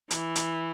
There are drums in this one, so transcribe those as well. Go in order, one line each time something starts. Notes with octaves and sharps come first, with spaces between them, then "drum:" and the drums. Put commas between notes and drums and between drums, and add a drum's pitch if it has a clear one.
E3, drum: hi-hat
drum: hi-hat